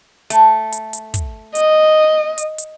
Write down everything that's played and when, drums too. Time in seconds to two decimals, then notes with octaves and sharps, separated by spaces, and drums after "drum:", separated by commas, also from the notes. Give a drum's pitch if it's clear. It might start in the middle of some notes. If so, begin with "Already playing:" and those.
0.30 A3, drum: hi-hat
0.72 drum: hi-hat
0.93 drum: hi-hat
1.14 drum: kick, hi-hat
1.55 D#5, drum: hi-hat
2.38 drum: hi-hat
2.58 drum: hi-hat